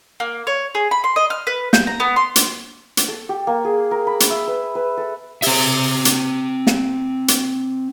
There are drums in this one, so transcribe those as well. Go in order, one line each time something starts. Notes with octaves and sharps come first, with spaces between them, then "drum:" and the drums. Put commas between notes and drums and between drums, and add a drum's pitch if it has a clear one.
A#3
C#5
G#4
B5
C6
D#5
F6
B4
G6, drum: snare
A#5
B3
C6
drum: hi-hat
drum: hi-hat
A4
G4
A#3
G#4
A#4
B5
drum: hi-hat
E5
B4
B4
A4
C4 E5, drum: open hi-hat
drum: hi-hat
drum: snare
drum: hi-hat